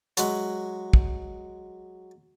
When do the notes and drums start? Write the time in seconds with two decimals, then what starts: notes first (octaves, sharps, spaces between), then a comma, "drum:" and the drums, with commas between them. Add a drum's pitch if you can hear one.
0.17 F#3 G#3 E5 F#5, drum: hi-hat
0.93 drum: kick